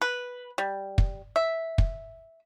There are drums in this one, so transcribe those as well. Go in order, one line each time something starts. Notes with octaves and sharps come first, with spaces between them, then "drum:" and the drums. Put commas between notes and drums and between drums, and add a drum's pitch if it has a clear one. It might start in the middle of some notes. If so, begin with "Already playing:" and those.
B4
G3
drum: kick
E5
drum: kick